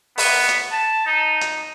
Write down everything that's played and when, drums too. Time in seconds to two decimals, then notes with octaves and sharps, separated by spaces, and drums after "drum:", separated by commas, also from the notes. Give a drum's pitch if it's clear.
0.18 B3, drum: open hi-hat
0.49 drum: hi-hat
0.72 A5
1.06 D#4
1.41 drum: hi-hat